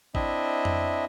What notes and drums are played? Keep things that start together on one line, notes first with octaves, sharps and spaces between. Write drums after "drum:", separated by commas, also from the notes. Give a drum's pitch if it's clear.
C4 D4 E4 D#5 E5, drum: kick A1
drum: tom F2